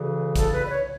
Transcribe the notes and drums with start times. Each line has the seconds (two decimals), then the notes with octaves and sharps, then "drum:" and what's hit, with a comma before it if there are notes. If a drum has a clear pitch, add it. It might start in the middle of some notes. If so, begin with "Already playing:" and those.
Already playing: D2 C#3 E3
0.36 A4, drum: kick, hi-hat
0.53 B4
0.66 D5
0.71 C#5